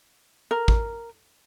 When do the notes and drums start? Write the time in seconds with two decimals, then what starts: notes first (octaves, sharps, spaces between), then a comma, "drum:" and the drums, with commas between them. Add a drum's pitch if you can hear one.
0.51 A#4
0.68 drum: kick